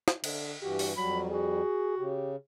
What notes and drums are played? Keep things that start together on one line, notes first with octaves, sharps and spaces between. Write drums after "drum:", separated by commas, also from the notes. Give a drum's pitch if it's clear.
drum: snare
D3, drum: cymbal
G2 E3 F#4 G4
drum: open hi-hat
F2 F#3 G3 B5
F#4 G#4
C#3 G4